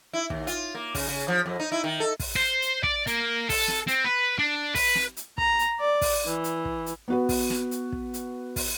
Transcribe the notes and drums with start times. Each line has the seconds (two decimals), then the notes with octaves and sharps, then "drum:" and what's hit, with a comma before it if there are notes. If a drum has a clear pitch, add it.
0.13 E4
0.30 D#2, drum: kick
0.47 F4, drum: hi-hat
0.75 A#3
0.95 C#3, drum: kick, open hi-hat
1.08 C#3
1.28 F3
1.46 F2
1.60 D#4
1.72 E4
1.84 D#3
2.00 A4
2.20 drum: kick, open hi-hat
2.36 C5
2.62 drum: hi-hat
2.83 D5, drum: kick
3.07 A#3, drum: hi-hat
3.49 A4, drum: kick, open hi-hat
3.68 drum: snare
3.88 C4, drum: hi-hat
4.05 B4
4.39 D4
4.75 B4, drum: kick, open hi-hat
4.95 drum: snare
5.17 drum: hi-hat
5.38 A#5, drum: kick
5.59 drum: hi-hat
5.80 D5
6.01 drum: kick, open hi-hat
6.26 E3
6.44 drum: hi-hat
6.65 drum: kick
6.86 drum: hi-hat
7.08 B3 F#4 B4
7.29 drum: kick, open hi-hat
7.50 drum: snare
7.71 drum: hi-hat
7.92 drum: kick
8.14 drum: hi-hat
8.56 drum: kick, open hi-hat